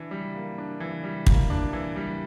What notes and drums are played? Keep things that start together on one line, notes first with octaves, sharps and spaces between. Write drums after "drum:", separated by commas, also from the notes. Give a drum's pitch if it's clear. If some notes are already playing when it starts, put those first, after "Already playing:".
Already playing: E3 D4
G3
A#3
D4
E3
G3
A#3, drum: kick
D4
E3
G3